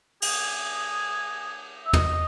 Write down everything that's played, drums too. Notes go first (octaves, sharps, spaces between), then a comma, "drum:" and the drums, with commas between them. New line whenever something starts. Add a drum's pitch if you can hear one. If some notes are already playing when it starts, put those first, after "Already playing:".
G#4, drum: cymbal
E5
D#5, drum: tom